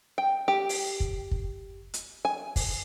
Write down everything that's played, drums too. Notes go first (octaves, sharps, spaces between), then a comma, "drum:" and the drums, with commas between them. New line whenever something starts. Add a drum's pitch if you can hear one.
G5
G4
drum: open hi-hat
drum: kick
drum: kick
drum: hi-hat
G#5
drum: kick, open hi-hat